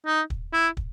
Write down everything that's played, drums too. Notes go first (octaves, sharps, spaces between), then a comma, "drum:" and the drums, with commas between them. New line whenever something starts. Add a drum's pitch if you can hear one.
D#4
drum: kick
E4
drum: kick